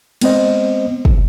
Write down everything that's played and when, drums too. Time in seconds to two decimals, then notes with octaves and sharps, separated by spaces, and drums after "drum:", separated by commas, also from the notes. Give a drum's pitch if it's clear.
0.21 G#3 B3 C4 C5 D#5, drum: cymbal
1.05 drum: kick